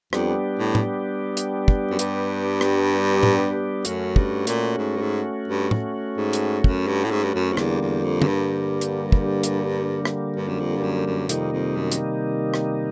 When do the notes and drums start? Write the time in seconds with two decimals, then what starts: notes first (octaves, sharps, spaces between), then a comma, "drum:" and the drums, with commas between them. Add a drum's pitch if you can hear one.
0.13 F2 G3 B3 D4 G4, drum: rim click
0.59 A2
0.75 drum: tom
1.37 drum: hi-hat
1.68 drum: kick
1.91 F#2
1.99 G2, drum: hi-hat
2.61 drum: rim click
3.23 drum: tom
3.85 F#2 A3 C#4 F#4, drum: hi-hat
4.16 G2, drum: kick
4.47 A#2, drum: hi-hat
4.78 G#2
4.96 G2
5.01 G#2
5.48 G2
5.71 drum: tom
6.17 G#2
6.33 drum: hi-hat
6.64 F#2, drum: kick
6.87 G2
7.04 A2
7.11 G#2
7.24 G2
7.35 F#2
7.52 F2
7.57 E2 D3 G3 A#3, drum: rim click
7.81 E2
8.04 F2
8.22 F#2, drum: tom
8.27 G2
8.81 drum: hi-hat
9.12 drum: kick
9.43 drum: hi-hat
10.05 drum: rim click
10.36 G2
10.48 F#2
10.60 F2
10.76 G2
10.83 F#2
11.06 F#2
11.29 F2 C3 D#3 G3 A#3 D#4, drum: hi-hat
11.53 F2
11.76 F#2
11.92 drum: hi-hat
12.54 drum: rim click